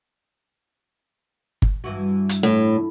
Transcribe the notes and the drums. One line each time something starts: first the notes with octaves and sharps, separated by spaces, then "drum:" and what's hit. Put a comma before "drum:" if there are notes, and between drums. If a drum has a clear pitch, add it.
drum: kick G1
G2 E3 F#4
drum: hi-hat
A2